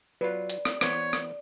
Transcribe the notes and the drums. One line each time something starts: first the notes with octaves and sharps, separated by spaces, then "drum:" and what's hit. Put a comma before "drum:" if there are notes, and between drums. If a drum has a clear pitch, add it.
F#3 F4 B4 D5
drum: hi-hat
drum: rim click
E3 B3 C5 C#5, drum: rim click
drum: rim click